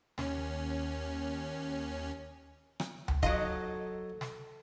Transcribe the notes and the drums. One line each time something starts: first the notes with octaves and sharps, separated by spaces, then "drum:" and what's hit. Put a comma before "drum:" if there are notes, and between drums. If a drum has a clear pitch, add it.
D#2 C#4, drum: snare
drum: rim click
drum: tom C#2
F#3 D#4 F4 A4 C5 D#5, drum: kick
drum: snare